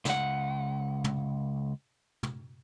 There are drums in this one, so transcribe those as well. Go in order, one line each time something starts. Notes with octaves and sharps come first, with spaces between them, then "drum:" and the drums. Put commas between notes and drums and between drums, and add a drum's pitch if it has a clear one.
C#2 F#5, drum: snare
drum: tom
drum: tom